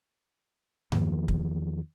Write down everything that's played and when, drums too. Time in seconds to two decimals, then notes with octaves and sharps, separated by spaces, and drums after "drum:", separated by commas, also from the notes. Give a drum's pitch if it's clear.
0.92 E2 D#3 F3 A#3, drum: tom G2
1.28 drum: kick